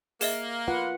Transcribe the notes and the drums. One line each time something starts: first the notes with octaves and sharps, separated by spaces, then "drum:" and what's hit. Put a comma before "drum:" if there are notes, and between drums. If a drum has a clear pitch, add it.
A#3 G#4 D#5 E5, drum: open hi-hat
F4 B4 F#5